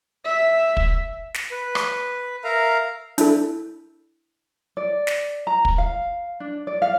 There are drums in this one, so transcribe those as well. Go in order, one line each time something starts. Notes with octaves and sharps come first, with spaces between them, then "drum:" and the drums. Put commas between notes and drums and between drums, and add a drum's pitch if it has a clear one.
E5
drum: kick
drum: snare
B4
drum: rim click
A#4 E5 F5 A#5
D4 E4 A4, drum: hi-hat
D5
drum: snare
A#5
drum: kick
F5
D4
D5
F5